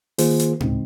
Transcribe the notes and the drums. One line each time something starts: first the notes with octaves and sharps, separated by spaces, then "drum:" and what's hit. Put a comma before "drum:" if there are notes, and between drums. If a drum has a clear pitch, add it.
D#3 A#3 F4 G#4 C5, drum: open hi-hat
drum: hi-hat
D#2 C#3 G#3 C4 D#4, drum: tom A2